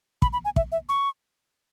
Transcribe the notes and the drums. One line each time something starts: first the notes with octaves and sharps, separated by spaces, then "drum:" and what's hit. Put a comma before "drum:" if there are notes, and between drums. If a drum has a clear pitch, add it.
B5, drum: kick
B5
G#5
E5, drum: kick
E5
C#6